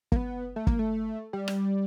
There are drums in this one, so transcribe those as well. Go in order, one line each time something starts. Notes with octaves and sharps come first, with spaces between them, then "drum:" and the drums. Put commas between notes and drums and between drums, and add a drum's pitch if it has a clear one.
A#3, drum: kick
B3
A3
A#3, drum: kick
A3
G3
drum: rim click